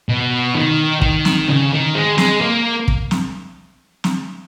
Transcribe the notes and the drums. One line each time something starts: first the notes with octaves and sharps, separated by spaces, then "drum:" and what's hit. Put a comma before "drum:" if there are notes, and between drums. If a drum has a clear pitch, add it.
B2
D#3
D#3, drum: kick
drum: snare
C#3
D#3
G#3
G#3, drum: snare
A#3
drum: kick
drum: snare
drum: snare